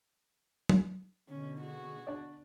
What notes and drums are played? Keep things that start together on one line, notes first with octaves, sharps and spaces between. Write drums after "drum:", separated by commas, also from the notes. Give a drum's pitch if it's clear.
drum: tom F#3
B2 D3 C#4
F#4 G#4
D4 D5